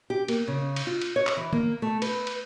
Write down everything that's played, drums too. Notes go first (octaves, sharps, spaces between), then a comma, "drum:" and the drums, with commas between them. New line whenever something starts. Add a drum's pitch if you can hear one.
G4
A#3, drum: cymbal
C#3
drum: cymbal
F4
drum: cymbal
C#5
drum: clap
E3
A#3, drum: tom
A3
B4, drum: cymbal
drum: cymbal